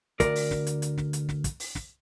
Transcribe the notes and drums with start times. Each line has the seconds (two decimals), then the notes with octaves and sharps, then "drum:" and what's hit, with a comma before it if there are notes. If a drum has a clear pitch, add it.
0.20 D2 A#4 D5, drum: kick, hi-hat
0.35 drum: open hi-hat
0.51 drum: snare
0.67 drum: hi-hat
0.82 drum: hi-hat
0.98 drum: snare
1.13 drum: hi-hat
1.29 drum: snare
1.44 drum: kick, hi-hat
1.60 drum: open hi-hat
1.75 drum: snare